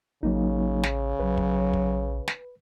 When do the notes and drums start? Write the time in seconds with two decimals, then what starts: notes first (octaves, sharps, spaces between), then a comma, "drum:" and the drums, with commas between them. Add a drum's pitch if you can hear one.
0.23 A1 C#3 F#3 A#3 D#4
0.83 drum: snare
1.19 A#1 F#3 B4
1.37 drum: kick
1.73 drum: kick
2.28 drum: snare